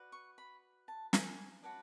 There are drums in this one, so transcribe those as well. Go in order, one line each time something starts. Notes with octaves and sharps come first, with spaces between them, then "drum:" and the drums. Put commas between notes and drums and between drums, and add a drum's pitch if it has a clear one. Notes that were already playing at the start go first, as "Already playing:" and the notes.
Already playing: F#4 B4 D5
C#6
B5
A5
G#5, drum: snare
F#4 B4 D5 A5